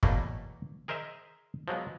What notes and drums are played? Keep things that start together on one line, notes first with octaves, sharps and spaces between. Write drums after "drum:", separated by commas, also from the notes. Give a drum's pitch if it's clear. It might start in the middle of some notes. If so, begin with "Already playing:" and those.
E2 B2 E3 F#3 A3 A#3, drum: kick
G#4 A#4 C5 D#5 E5
F3 F#3 G#3 B3